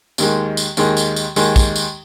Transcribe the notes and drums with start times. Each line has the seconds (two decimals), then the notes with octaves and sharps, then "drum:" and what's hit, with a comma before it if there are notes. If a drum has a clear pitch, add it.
0.18 D#2 D#3 G#3, drum: tambourine
0.57 drum: tambourine
0.77 D#2 D#3 G#3, drum: tambourine
0.97 drum: tambourine
1.16 drum: tambourine
1.36 D#2 D#3 G#3, drum: tambourine
1.56 drum: kick, tambourine
1.76 drum: tambourine